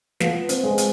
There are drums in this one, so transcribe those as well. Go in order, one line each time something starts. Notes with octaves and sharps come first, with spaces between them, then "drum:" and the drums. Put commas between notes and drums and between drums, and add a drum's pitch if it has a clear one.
F3 B3, drum: snare
C4, drum: hi-hat
G#3
drum: hi-hat